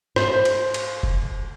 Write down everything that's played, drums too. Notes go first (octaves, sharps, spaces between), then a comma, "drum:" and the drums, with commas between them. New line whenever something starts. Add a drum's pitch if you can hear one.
C5, drum: rim click
drum: cymbal
drum: cymbal
drum: kick F1